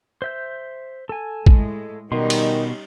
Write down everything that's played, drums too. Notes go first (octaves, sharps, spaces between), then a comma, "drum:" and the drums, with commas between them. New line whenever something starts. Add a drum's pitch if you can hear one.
C5 E5 G6
A4 G#5
A2 G#3, drum: kick A#1
B2 D#3 G3 C#4 D#4 C6
drum: cymbal